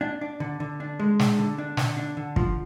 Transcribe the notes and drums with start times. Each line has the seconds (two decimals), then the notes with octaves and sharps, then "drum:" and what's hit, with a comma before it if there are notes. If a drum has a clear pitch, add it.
0.01 D4
0.21 D4
0.40 D3
0.60 D3
0.80 D4
0.99 G#3
1.19 D4, drum: snare
1.39 D3
1.58 D4
1.77 D3, drum: snare
1.97 D4
2.17 D3
2.36 F3, drum: kick